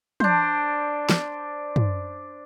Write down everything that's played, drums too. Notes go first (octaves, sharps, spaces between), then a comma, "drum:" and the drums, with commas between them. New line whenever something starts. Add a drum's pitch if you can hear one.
D4 C5, drum: tom
drum: snare
drum: tom